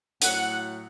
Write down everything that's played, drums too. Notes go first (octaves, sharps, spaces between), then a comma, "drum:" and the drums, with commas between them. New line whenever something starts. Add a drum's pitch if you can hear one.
A2 F#3 F#5, drum: hi-hat